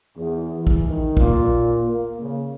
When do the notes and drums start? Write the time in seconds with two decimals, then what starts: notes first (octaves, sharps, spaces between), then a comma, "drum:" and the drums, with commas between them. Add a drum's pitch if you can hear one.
0.17 E2
0.54 E3
0.67 drum: kick
0.87 D#3
1.17 A#2, drum: kick
1.86 A#3
2.19 C#3